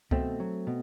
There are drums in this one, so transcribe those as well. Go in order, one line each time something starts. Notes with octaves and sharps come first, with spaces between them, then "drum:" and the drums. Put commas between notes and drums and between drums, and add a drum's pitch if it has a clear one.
B2 A3 C4, drum: kick C2
F#3
B2